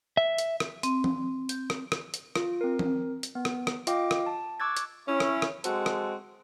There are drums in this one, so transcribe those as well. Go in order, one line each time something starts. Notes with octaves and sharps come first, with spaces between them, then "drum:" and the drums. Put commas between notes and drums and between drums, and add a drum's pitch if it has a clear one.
E5
drum: hi-hat
drum: rim click
C4, drum: hi-hat
drum: tom
G6, drum: hi-hat
drum: rim click
drum: rim click
drum: hi-hat
F4, drum: rim click
C4 A#4
drum: tom
drum: hi-hat
B3
drum: rim click
drum: rim click
F4 D#5 F5 G5 D6, drum: hi-hat
drum: rim click
A5
C#6 D6 E6 F#6 G#6 A6
drum: hi-hat
C#4 E4
drum: rim click
drum: rim click
G#3 C4 F#4 A4, drum: hi-hat
drum: rim click